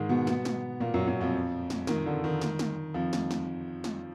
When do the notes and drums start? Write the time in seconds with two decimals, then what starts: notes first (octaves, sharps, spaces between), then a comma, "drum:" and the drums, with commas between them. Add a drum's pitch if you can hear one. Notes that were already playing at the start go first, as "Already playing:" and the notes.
Already playing: G#2 D3 D#3 G#3
0.09 B2 B3
0.27 B2 B3, drum: snare
0.45 drum: snare
0.80 A#2 A#3
0.94 F#2 F#3
1.07 F#2 F#3
1.20 F2 F3
1.70 drum: snare
1.87 D#3, drum: snare
2.06 D3
2.24 D#3
2.41 drum: snare
2.59 drum: snare
2.94 F2 F3
3.13 drum: snare
3.31 drum: snare
3.84 drum: snare